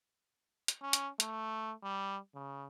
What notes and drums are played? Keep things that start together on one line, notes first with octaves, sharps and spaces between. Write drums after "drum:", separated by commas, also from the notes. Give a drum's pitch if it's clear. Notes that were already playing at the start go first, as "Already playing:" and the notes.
drum: hi-hat
C#4
drum: hi-hat
A3, drum: hi-hat
G3
C#3